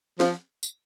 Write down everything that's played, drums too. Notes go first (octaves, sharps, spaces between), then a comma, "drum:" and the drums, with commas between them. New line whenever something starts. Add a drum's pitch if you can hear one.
F3, drum: snare
drum: tambourine